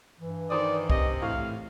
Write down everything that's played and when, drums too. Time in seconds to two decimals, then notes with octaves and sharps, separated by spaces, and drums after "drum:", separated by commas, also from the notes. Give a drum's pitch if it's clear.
0.20 G2 E3
0.50 D#3 D#4 C5 D5 D#6
0.90 C3 D#5, drum: kick C2
1.22 A2 F5